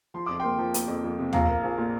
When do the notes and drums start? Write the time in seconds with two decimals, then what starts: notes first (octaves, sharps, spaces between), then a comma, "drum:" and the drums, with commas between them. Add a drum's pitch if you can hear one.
0.14 F3 C6
0.26 F2 D6
0.40 A#3 G5 C6
0.58 F3
0.74 A#3, drum: hi-hat
0.88 F2
1.04 F2
1.19 C3
1.33 A#1 F5 A#5, drum: tom
1.49 A#3
1.63 A#1
1.78 A#2